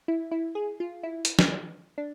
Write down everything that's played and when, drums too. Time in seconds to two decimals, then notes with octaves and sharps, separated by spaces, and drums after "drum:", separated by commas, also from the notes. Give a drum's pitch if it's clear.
0.08 E4
0.31 E4
0.55 G#4
0.80 F4
1.03 E4
1.25 drum: hi-hat
1.39 drum: snare
1.98 D4